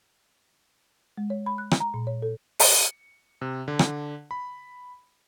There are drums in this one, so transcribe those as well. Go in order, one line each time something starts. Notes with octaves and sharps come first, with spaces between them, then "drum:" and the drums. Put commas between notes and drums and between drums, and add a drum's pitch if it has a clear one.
G#3
C#5
B5
F#6
drum: rim click
A#5
A#2
C#5
A4
C#7, drum: open hi-hat
C3
D3
drum: rim click
B5